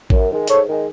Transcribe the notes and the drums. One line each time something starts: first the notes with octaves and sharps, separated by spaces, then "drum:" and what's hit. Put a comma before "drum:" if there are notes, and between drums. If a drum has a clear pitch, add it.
F#2, drum: kick A1
D#3 G#3
G#2 A4 C#5, drum: hi-hat
D#3 G#3